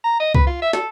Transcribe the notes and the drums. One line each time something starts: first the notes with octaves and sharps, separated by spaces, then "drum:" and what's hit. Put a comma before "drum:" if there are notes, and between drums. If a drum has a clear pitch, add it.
A#5
D#5
B4, drum: kick C2
F4
E5
A4, drum: snare